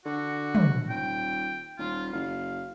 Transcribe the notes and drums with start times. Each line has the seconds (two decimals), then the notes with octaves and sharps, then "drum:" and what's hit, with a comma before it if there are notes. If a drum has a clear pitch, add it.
0.05 D3 F#4
0.55 drum: tom
0.89 D#1 G5
1.78 D#1 F4
2.13 F#1 F5